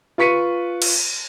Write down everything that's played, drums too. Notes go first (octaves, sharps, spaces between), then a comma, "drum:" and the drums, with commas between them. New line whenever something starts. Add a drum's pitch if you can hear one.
F4 B4 C#6 B6 C#7 D#7
drum: cymbal